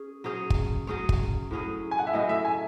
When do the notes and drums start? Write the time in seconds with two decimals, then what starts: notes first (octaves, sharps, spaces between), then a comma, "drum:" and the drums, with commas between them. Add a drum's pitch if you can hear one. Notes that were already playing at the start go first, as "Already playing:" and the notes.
Already playing: C#4 G#4
0.24 F#3 C#4 G#4 C#5
0.50 drum: kick
0.87 F#3 C#4 G#4 C#5
1.09 drum: kick
1.51 A2 F#3 C#4 G#4
1.91 G#5
1.99 F#5
2.07 E5
2.13 A2 F#3 C#4 G#4 D#5
2.29 E5
2.45 G#5